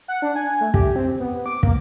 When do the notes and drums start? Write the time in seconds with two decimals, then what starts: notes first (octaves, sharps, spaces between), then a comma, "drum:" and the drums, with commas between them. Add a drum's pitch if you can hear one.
0.08 F#5
0.22 D4
0.35 G#5
0.61 A3
0.74 G4, drum: kick
0.96 C4
1.20 B3
1.46 D6
1.63 A#3, drum: kick